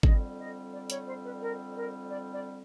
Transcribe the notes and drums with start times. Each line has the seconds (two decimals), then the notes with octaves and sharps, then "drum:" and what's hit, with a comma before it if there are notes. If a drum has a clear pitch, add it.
0.03 F2 D3 G3 C4 D#5, drum: kick G#1
0.38 D#5
0.72 D5
0.90 C#5, drum: hi-hat
1.07 C5
1.24 B4
1.41 A#4
1.75 A#4
2.09 D5
2.32 D5